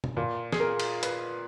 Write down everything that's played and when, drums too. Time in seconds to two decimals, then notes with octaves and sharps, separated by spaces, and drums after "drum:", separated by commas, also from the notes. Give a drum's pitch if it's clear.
0.04 drum: tom B2
0.17 A#2
0.52 G#4, drum: snare
0.60 A#4
0.80 drum: cymbal
1.03 B4, drum: hi-hat